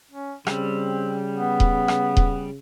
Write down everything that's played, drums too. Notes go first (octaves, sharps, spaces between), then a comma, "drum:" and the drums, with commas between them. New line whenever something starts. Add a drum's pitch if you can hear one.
C#4
C#3 G3 C4, drum: rim click
B3
drum: kick D#1
drum: rim click
drum: kick D#1